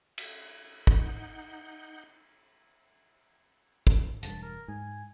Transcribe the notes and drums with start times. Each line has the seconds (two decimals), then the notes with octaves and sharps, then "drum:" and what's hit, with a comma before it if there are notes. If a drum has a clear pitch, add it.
0.18 drum: cymbal
0.87 D#4 F#5 G6, drum: kick
3.87 drum: kick
4.23 E1 G2 A5, drum: hi-hat
4.42 A#4
4.68 G#2 G#5